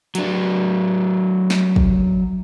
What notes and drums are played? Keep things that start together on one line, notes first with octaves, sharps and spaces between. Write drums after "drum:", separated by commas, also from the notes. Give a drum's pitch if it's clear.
F#3 D4, drum: hi-hat
drum: snare
drum: kick